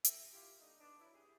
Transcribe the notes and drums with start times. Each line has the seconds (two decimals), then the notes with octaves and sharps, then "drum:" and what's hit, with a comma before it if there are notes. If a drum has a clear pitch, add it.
0.04 G4 A#4 E5, drum: hi-hat
0.33 E4 F4 G4
0.60 A3 D4 D#4
0.79 B3 D4
1.00 F#3 E4
1.14 G4 G#4